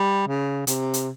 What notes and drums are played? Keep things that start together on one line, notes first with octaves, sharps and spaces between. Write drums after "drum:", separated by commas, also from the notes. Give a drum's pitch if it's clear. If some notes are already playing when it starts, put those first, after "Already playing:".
Already playing: G3
C#3
C3, drum: hi-hat
drum: hi-hat